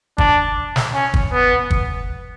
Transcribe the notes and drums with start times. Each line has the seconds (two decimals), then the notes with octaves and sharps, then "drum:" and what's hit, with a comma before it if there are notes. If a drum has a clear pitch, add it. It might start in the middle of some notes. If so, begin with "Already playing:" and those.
0.18 D4, drum: kick
0.76 drum: snare
0.94 C#4
1.14 drum: kick
1.33 B3
1.71 drum: kick